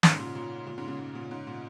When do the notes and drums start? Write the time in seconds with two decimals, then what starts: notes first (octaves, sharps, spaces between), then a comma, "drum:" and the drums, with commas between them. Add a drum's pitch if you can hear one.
0.03 G#2 C#3, drum: snare
0.19 A#2
0.35 A#2
0.66 A#2
0.78 G#2 C#3
0.88 G#2 C#3
0.99 G#2
1.15 A#2
1.31 G#2 C#3
1.47 A#2